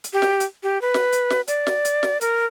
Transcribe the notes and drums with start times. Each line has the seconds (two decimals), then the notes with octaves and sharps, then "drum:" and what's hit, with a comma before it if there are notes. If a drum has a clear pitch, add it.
0.04 drum: hi-hat
0.13 G4
0.22 drum: snare
0.40 drum: hi-hat
0.63 G4
0.81 B4
0.94 drum: snare
1.12 drum: hi-hat
1.30 drum: snare
1.47 D5, drum: hi-hat
1.67 drum: snare
1.85 drum: hi-hat
2.03 drum: snare
2.21 A#4, drum: hi-hat